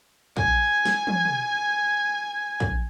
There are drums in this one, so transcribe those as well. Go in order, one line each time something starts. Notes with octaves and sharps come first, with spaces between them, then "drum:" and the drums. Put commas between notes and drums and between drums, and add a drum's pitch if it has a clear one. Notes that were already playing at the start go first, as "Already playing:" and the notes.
G#5 G#6, drum: kick
drum: snare
drum: tom
drum: tom
drum: kick